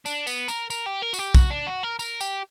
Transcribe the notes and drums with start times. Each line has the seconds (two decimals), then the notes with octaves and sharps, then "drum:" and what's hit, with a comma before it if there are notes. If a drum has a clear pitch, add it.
0.06 D4, drum: tambourine
0.27 B3, drum: tambourine
0.48 A#4, drum: tambourine
0.70 A#4, drum: tambourine
0.86 G4
1.02 A#4
1.14 F#4, drum: tambourine
1.19 G4
1.35 F#4, drum: kick, tambourine
1.50 D4
1.67 F#4
1.83 A#4
1.99 A#4, drum: tambourine
2.21 G4, drum: tambourine